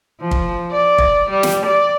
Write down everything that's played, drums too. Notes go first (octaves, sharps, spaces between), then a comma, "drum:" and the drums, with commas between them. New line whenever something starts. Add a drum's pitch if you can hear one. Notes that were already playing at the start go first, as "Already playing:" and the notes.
F3
drum: kick
D5
drum: kick
G3
drum: snare
D5